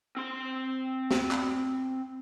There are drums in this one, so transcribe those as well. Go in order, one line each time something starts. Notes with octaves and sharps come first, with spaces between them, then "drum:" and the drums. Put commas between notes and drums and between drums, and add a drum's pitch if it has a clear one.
C4 C6
drum: snare
drum: clap